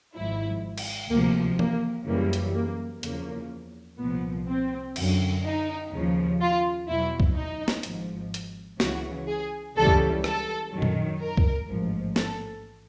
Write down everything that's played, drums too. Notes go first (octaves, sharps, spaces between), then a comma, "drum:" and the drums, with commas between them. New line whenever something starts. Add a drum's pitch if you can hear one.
G#1 G#2 F3 E4
drum: cymbal
D2 C3 F3 A#3
A#3, drum: tom E3
F#2 C#3 E3 G3 A#3
drum: hi-hat
A#3
E2 C#3 F3 A#3, drum: hi-hat
C2 A#2 F3 B3
C4
F#2 D3 F#3, drum: cymbal
D#4
D#2 C#3 F3
F4
E2 B2 F#3 E4
drum: kick C#2
D#4
drum: snare
G#1 G#2 F3, drum: hi-hat
drum: hi-hat
C#2 C#3 E3 F#4, drum: snare
G#4
C#2 C#3 E3 G3 A4
drum: kick C#2
A4, drum: rim click
F#2 D#3 F#3
drum: tom A#2
A#4
drum: kick C#2
A1 G#2 F3
A4, drum: snare